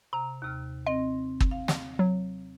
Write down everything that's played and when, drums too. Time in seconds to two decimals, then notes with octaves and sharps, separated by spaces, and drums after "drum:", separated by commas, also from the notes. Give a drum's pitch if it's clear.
0.13 C3 A#5
0.42 D#2 C3 F6
0.87 C4 D#5
1.40 drum: kick
1.51 F5
1.68 drum: snare
1.99 F#3